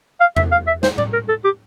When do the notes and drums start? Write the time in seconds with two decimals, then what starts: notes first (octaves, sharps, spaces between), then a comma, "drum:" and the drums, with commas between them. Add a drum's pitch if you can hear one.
0.21 F5
0.36 E5, drum: tom E2
0.52 F5
0.67 E5
0.83 C5, drum: snare
0.98 D5, drum: tom A2
1.13 A#4
1.29 A4
1.44 G4